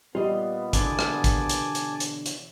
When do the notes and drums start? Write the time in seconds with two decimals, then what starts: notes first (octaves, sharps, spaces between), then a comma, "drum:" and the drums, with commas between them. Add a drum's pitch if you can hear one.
0.15 A#2 G3 B3 F4 D#5
0.73 B2 D3 E3 G#5 A5 D6, drum: kick A1, hi-hat
0.99 drum: rim click
1.24 drum: kick A1, hi-hat
1.49 drum: hi-hat
1.75 drum: hi-hat
2.00 drum: hi-hat
2.26 drum: hi-hat